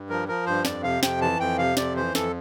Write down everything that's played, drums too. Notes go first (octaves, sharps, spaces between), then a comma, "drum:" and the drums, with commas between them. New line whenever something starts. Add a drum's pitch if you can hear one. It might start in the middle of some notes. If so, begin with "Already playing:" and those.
Already playing: G2
F3 A#4
F3 A#4
G2 C5
F2 D5, drum: snare
C3 F5
F2 G5, drum: snare
E3 A5
F2 G5
C3 F5
F2 D5, drum: snare
E3 C5
F2 A4, drum: snare